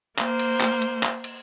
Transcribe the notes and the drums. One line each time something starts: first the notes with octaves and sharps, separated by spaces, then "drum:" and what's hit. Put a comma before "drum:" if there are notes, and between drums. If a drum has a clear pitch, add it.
A#3 C5, drum: clap
drum: cymbal
drum: clap
drum: cymbal
drum: clap
drum: cymbal